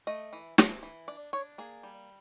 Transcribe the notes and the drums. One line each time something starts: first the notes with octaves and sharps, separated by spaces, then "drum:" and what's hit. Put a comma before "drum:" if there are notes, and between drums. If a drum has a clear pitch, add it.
A3 D#5
E3
E3, drum: snare
E3
D4 D5
D4 C#5
A#3 G#4
G3